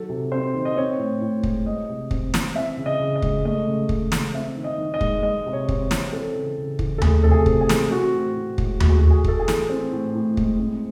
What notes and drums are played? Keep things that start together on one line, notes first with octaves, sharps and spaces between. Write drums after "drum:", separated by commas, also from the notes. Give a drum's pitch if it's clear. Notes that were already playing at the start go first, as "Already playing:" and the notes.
Already playing: D#3 F#3 A4
C3
C4 C5
D#3
D#5
C4 C#5
A2
A2
G#3, drum: kick
G#3 D#5
C3
C4, drum: kick
E3, drum: snare
C4 E5
C#3
D#5
C#3
D#5
G#3, drum: kick
A3 D#5
C#3
C#3, drum: kick
E3, drum: snare
C4 E5
D#3
D#5
D#3
D#5
G#3, drum: kick
G#3 D#5
C3
C#5
C4, drum: kick
E3, drum: snare
C4 A4
C#3
C#3
E3, drum: kick
A4
A3 G#4, drum: tom D#2
C3 A4
G#4
C3, drum: kick
G#4
E3, drum: snare
C4 F#4
A2
A2
G#3, drum: kick
A3 F#4, drum: tom D#2
G#4
F#4
A2
G#4
A2 A4, drum: kick
G#4
E3, drum: snare
C4
A2
A2
G#3, drum: kick
C4